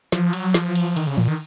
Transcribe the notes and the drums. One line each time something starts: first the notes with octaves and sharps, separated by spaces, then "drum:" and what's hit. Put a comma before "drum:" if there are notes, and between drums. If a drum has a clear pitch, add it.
F3, drum: snare
F#3, drum: cymbal
F3, drum: snare
drum: cymbal
D#3, drum: cymbal
C#3
A#2, drum: tom
D#3